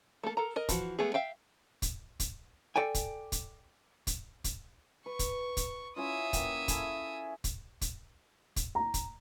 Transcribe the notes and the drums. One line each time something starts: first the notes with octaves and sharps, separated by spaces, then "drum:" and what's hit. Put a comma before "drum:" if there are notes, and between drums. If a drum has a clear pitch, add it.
A3 A#3 A4
A4 A#4 A#5
A#4 D#5
E3 F3 F#4, drum: kick, hi-hat
G#3 A3 B3 G#4
E5 F5 G5
drum: kick, hi-hat
drum: kick, hi-hat
A4 D5 G5 G#5
drum: kick, hi-hat
drum: kick, hi-hat
drum: kick, hi-hat
drum: kick, hi-hat
B4 C#6
drum: kick, hi-hat
drum: kick, hi-hat
C#4 E4 F4 E5 D#6
A#3 F#5 G5, drum: kick, hi-hat
E4 G#4 A4, drum: kick, hi-hat
drum: kick, hi-hat
drum: kick, hi-hat
drum: kick, hi-hat
A#5
drum: kick, hi-hat